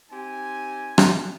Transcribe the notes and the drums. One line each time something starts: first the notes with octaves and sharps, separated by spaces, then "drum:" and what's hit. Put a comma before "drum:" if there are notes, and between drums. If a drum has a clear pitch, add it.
C4 D#4 G4 G#5
drum: rim click